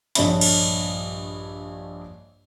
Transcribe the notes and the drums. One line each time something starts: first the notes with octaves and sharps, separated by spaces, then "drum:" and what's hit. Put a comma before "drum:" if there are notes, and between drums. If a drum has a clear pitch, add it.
A#1 G2 D4 C#5 D#5 B5, drum: hi-hat
drum: cymbal